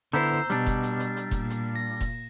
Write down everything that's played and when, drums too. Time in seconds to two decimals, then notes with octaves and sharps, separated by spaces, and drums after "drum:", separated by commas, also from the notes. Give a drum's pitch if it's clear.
0.13 D3 B3 E4 C5 A#5 E6 G6
0.50 B2 G3 D4, drum: hi-hat
0.67 drum: kick F1, hi-hat
0.83 drum: hi-hat
1.00 drum: hi-hat
1.17 drum: hi-hat
1.31 A#2, drum: kick F1, hi-hat
1.50 drum: hi-hat
1.76 A#6
2.01 drum: kick F1, hi-hat